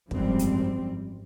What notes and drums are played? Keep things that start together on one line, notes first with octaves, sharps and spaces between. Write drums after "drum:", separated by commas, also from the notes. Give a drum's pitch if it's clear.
G#1 F#2 F3 G3 C4, drum: kick
drum: hi-hat